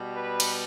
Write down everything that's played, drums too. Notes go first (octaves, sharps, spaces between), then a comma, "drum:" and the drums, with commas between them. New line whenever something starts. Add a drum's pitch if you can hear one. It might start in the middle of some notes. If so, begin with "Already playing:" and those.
Already playing: B2 G3
B4
drum: cymbal